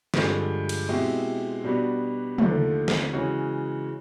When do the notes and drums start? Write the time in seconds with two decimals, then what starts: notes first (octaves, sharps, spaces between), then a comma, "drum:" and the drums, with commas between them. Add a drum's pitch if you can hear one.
0.14 G2 D3 F3 G#3, drum: snare
0.69 drum: cymbal
0.89 B2 G#3 C4 E4 G4
1.64 B2 G3 B3 D4 F#4
2.38 D#2 D3 F3 A3, drum: tom
2.88 drum: snare
3.13 C#3 E3 G#3 C#4 F#4